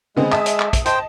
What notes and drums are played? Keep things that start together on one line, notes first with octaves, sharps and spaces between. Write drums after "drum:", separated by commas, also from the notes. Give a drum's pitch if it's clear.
D3 G#3 B3 C4
E5 A5 D#6, drum: clap
drum: hi-hat
drum: clap
drum: kick, hi-hat
C5 D#5 G5 A5, drum: hi-hat